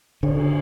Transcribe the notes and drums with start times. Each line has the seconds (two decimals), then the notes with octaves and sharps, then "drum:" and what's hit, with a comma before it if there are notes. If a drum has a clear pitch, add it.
0.23 D3, drum: cymbal